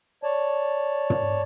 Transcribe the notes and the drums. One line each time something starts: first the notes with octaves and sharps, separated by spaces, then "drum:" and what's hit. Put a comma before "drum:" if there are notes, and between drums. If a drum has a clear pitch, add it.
C#5 D5 A5
drum: tom